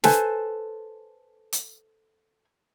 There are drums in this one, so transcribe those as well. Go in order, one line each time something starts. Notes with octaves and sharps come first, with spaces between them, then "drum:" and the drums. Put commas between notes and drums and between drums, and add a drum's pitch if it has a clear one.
A4 B4 C5 G#5, drum: snare
drum: hi-hat